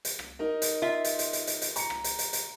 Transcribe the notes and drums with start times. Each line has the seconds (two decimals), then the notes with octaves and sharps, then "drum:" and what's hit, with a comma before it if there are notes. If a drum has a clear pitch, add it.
0.05 drum: hi-hat
0.19 drum: rim click
0.39 D#4 A#4 D#5
0.62 drum: hi-hat
0.82 F4 E5
1.04 drum: hi-hat
1.19 drum: hi-hat
1.33 drum: hi-hat
1.47 drum: hi-hat
1.62 drum: hi-hat
1.76 A#5 C#7, drum: hi-hat
1.90 drum: rim click
2.04 drum: hi-hat
2.19 drum: hi-hat
2.33 drum: hi-hat